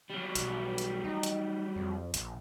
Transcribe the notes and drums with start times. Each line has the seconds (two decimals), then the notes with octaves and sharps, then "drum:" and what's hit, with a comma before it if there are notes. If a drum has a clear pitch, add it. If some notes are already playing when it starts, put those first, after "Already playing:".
0.10 F#3 G3
0.35 B1, drum: hi-hat
0.78 drum: hi-hat
1.04 D#4
1.23 drum: hi-hat
1.76 F2
2.14 A#1, drum: hi-hat